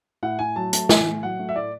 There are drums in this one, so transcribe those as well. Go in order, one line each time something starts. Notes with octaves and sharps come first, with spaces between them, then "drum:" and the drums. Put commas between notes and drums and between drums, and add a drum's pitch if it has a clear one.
A2 F#5
A2 G#5
F#3 A5
A3 A5, drum: hi-hat
A2 G#5, drum: snare
A2
F#3 F#5
A3
E5
A2 D5